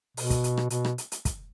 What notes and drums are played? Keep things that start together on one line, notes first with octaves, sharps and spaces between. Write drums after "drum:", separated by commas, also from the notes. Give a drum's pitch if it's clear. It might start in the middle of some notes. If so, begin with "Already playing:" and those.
B2, drum: open hi-hat
drum: kick, hi-hat
drum: hi-hat
drum: rim click
B2, drum: hi-hat
drum: rim click
drum: hi-hat
drum: hi-hat
drum: kick, hi-hat